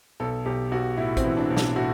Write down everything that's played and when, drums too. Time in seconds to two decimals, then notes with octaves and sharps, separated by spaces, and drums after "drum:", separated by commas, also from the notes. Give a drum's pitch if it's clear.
0.20 B1 A4
0.46 B1 G4
0.72 B1 F#4
0.97 A2 E4
1.17 C4, drum: kick A1, hi-hat
1.24 E3
1.37 D4
1.50 B1
1.57 D4, drum: snare
1.76 A2 F#4